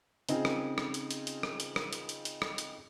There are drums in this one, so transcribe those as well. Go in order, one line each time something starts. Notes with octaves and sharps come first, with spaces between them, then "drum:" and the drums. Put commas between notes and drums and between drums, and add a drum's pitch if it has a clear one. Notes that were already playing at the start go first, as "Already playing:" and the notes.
C#3 C4 D#4 F4 G#4, drum: hi-hat
drum: rim click
drum: rim click
drum: hi-hat
drum: hi-hat
drum: hi-hat
drum: rim click
drum: hi-hat
drum: rim click
drum: hi-hat
drum: hi-hat
drum: hi-hat
drum: rim click
drum: hi-hat